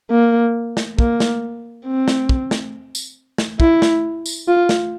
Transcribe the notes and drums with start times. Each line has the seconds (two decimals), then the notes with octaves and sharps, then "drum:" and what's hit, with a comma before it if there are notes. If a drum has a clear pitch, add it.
0.11 A#3
0.77 drum: snare
0.99 A#3, drum: kick
1.20 drum: snare
1.86 C4
2.08 drum: snare
2.29 drum: kick
2.51 drum: snare
2.95 drum: tambourine
3.38 drum: snare
3.60 E4, drum: kick
3.82 drum: snare
4.26 drum: tambourine
4.48 F4
4.69 drum: snare